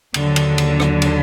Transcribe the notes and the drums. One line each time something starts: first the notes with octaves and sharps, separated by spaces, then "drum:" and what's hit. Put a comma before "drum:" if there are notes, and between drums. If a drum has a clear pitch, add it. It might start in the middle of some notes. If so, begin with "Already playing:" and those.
D#2 D3 F#3, drum: cymbal
drum: cymbal
drum: cymbal
drum: rim click
drum: cymbal